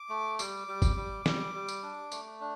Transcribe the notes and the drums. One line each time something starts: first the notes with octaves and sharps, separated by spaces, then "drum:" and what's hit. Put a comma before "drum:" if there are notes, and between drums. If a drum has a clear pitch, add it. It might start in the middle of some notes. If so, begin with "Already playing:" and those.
Already playing: D6
A3
G3 D6, drum: tambourine
G3
drum: kick, tambourine
G3
G3, drum: snare
G3
drum: tambourine
D4
A3, drum: tambourine
D4